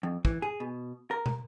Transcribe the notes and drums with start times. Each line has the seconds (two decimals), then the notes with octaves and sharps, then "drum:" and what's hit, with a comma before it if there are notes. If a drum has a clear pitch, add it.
0.03 F2
0.25 E3, drum: kick
0.42 G#4
0.60 B2
1.11 A#4
1.26 drum: tom